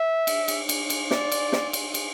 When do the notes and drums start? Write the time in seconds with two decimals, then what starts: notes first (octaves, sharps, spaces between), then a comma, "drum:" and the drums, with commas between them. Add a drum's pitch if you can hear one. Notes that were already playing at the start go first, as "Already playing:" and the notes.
Already playing: E5
0.27 drum: cymbal
0.48 drum: cymbal
0.69 drum: cymbal
0.90 drum: cymbal
1.11 D5, drum: snare
1.32 drum: cymbal
1.52 drum: snare
1.73 drum: cymbal
1.94 drum: cymbal